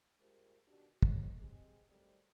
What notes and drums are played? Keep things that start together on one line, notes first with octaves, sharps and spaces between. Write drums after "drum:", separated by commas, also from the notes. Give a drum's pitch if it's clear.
G2 G#3 F4 G4 A#4 C5
B2 D#3 D4 F#4 G4
G4 A4 C5 C#5 D#5, drum: kick
G#3 C4 G4
D#3 F#3 G3 A3 C4